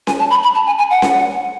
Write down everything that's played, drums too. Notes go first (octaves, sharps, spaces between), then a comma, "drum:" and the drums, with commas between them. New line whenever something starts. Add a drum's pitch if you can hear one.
G#5, drum: snare C#4
A5
B5
B5
A5
G#5
G#5
F#5
drum: snare C#4